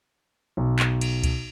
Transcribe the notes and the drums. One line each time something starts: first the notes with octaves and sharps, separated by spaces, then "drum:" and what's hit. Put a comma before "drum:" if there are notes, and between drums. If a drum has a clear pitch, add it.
B1
drum: clap
drum: cymbal
drum: kick C#2, cymbal